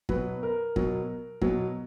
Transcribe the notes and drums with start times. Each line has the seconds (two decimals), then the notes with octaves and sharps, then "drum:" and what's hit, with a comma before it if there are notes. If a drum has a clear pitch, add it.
0.09 B2 F#3 B4, drum: kick
0.43 A#4
0.76 B2 F#3, drum: kick
1.41 B2 F#3, drum: kick